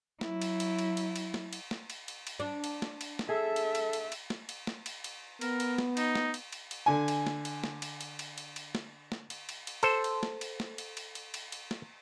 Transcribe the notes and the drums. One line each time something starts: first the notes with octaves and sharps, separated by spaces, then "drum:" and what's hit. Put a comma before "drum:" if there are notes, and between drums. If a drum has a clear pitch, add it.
F#3 E4, drum: snare
drum: cymbal
drum: cymbal
drum: cymbal
drum: cymbal
drum: cymbal
drum: snare
drum: cymbal
drum: snare
drum: cymbal
drum: cymbal
drum: cymbal
D4
drum: cymbal
drum: snare
drum: cymbal
drum: snare
G#4 A4 E5
drum: cymbal
drum: cymbal
drum: cymbal
drum: cymbal
drum: snare
drum: cymbal
drum: snare
drum: cymbal
drum: cymbal
B3 A#4, drum: cymbal
drum: cymbal
drum: snare
D#4, drum: cymbal
drum: snare
drum: cymbal
drum: cymbal
drum: cymbal
D3 G#5
drum: cymbal
drum: snare
drum: cymbal
drum: snare
drum: cymbal
drum: cymbal
drum: cymbal
drum: cymbal
drum: cymbal
drum: snare
drum: snare
drum: cymbal
drum: cymbal
drum: cymbal
A4 C5, drum: cymbal
drum: cymbal
drum: snare
drum: cymbal
drum: snare
drum: cymbal
drum: cymbal
drum: cymbal
drum: cymbal
drum: cymbal
drum: snare